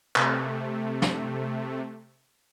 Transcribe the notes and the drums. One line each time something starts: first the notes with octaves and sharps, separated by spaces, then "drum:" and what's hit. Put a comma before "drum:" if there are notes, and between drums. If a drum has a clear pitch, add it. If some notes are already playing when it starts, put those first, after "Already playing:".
C3 A3, drum: clap
drum: snare